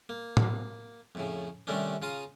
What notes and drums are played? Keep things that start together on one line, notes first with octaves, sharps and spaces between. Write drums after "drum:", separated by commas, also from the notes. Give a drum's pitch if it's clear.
A#3
drum: tom A2
F2 A2 C#3
C3 D#3 G3 A3 C#4 D4
C#3 F4 F5 A#5 D#6